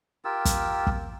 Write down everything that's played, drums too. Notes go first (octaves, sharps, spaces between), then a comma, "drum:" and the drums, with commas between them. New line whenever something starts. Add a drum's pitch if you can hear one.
F4 G4 A#4 E6
drum: kick, hi-hat
drum: kick